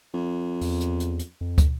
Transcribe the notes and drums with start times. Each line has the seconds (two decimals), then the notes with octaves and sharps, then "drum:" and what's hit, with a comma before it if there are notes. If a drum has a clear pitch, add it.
0.14 F2
0.61 E2, drum: open hi-hat
0.80 drum: hi-hat
1.00 drum: hi-hat
1.19 drum: hi-hat
1.41 F2
1.58 drum: kick, hi-hat